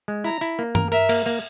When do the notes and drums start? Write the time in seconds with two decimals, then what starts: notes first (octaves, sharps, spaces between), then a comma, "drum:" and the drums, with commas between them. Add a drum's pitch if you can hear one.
0.08 G#3
0.24 E4 A#5
0.41 E4
0.59 A#3
0.75 A#4, drum: tom G2
0.92 A#4 E5
1.09 A#3, drum: cymbal
1.26 A#3